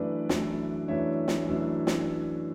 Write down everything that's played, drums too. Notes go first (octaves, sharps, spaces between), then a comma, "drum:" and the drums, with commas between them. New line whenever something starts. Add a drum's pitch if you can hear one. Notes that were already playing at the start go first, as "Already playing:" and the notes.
Already playing: F#2 E3 A3 D4 B4 D5
F#2 E3 A3 D4, drum: snare
F#2 E3 A3 D4 C#5 E5
drum: snare
F#2 E3 A3 D4
drum: snare